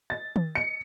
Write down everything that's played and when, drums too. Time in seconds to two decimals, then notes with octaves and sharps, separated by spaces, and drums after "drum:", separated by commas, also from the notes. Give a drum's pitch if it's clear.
0.10 A6
0.36 drum: tom D#3
0.55 C#7